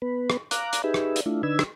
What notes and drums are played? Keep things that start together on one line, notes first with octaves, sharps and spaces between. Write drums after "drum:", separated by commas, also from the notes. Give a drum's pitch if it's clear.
B3 B4
drum: rim click
F5 A#5 D6 F#6, drum: hi-hat
drum: hi-hat
D#4 G4 G#4 B4 E5
drum: rim click
drum: hi-hat
A3 D4 E4 F4
D3 D4 D#4 B4 E6 G#6
drum: rim click